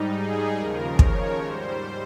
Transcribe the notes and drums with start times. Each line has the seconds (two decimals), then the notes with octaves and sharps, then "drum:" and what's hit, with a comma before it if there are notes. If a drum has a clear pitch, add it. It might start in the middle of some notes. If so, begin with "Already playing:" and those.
Already playing: G#2 G3 D#4
0.15 G#4
0.57 D#2 C#3 F3 A#4
0.99 C#5, drum: kick
1.41 G#2 G3 C5